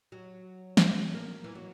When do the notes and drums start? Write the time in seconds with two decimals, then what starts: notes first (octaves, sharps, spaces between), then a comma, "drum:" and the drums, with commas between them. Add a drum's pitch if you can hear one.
0.12 F#3
0.77 drum: snare
1.14 A#3
1.44 E3
1.55 F#3